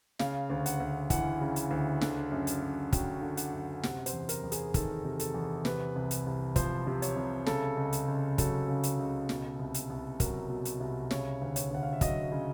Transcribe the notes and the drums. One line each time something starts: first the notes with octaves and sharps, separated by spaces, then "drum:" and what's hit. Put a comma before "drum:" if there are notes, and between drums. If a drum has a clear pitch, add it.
C#3 F5, drum: snare
D2
F#5, drum: hi-hat
D2
E3 F#5, drum: kick, hi-hat
C#3
drum: hi-hat
D2
D3, drum: snare
F#2
drum: hi-hat
F#2
F#3 G5, drum: kick, hi-hat
D3
F#5, drum: hi-hat
F#2
C3 F#5, drum: snare
C5, drum: hi-hat
E2
A#4, drum: hi-hat
E2
G#4, drum: hi-hat
D#3 A4, drum: kick, hi-hat
C3
A4, drum: hi-hat
E2
C3 B4, drum: snare
C2
drum: hi-hat
C2
F3 C5, drum: kick, hi-hat
C3
C#5, drum: hi-hat
C2
C#3 A4, drum: snare
C#2
drum: hi-hat
C#2
F#3 A4, drum: kick, hi-hat
C#3
drum: hi-hat
C#2
B2, drum: snare
C2
drum: hi-hat
C2
F#3 A#4, drum: kick, hi-hat
B2
drum: hi-hat
C2
C#3 C#5, drum: snare
D2
C#5, drum: hi-hat
D2 F#5
F5
E5
F#3 D#5, drum: kick, hi-hat
C#3